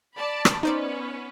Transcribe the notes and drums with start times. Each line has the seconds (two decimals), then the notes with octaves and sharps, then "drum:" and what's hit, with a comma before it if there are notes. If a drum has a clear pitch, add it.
0.16 D5 A5 B5
0.45 drum: rim click
0.63 B3 C#4 D#4 B4 C5 D5